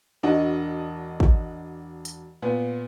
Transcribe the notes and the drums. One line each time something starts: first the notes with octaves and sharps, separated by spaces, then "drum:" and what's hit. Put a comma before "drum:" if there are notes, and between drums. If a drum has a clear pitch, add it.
E1 D4 F#4 D#5
drum: kick
drum: hi-hat
A#2 B3